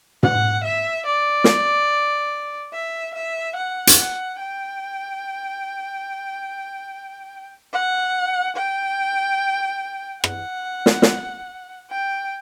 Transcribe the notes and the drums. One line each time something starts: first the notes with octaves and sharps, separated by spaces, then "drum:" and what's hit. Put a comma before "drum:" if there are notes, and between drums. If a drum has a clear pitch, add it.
F#5, drum: tom
E5
D5
drum: snare
E5
E5
F#5
drum: hi-hat
F#5
G5
F#5
G5
F#5, drum: rim click
drum: snare
drum: snare
G5